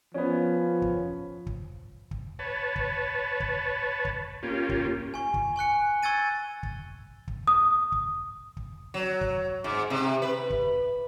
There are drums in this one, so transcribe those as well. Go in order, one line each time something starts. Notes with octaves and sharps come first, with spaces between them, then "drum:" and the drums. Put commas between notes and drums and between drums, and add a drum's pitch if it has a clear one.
F3 B3 C#4
drum: kick
drum: kick
drum: kick
B4 C#5 A5
drum: kick
drum: kick
drum: kick
A#3 C#4 F4 G4
drum: kick
G#5 C#6
drum: kick
G#5 C#6 F#6 C#7
C#6 E6 G#6 A6 D#7
drum: kick
drum: kick
D#6
drum: kick
drum: kick
F#3
drum: kick
G#2
C3
B4
drum: kick